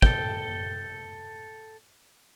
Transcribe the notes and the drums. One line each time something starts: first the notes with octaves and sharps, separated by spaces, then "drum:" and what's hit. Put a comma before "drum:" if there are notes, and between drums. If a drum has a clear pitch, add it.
A4 G5, drum: kick